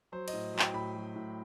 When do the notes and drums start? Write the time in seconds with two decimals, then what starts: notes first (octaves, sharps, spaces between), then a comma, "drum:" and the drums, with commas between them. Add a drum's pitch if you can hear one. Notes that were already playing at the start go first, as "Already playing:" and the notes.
0.12 F#3 C5
0.28 D#5, drum: cymbal
0.33 A2
0.54 F#3
0.59 G5, drum: clap
0.73 A2 B5
0.95 F#3
1.16 A2